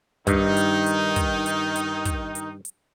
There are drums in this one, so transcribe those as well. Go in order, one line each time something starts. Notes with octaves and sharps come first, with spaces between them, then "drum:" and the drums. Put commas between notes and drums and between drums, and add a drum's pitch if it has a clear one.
G2 D#3 D#4, drum: kick, hi-hat
drum: hi-hat
drum: hi-hat
drum: kick, hi-hat
drum: hi-hat
drum: hi-hat
drum: kick, hi-hat
drum: hi-hat
drum: hi-hat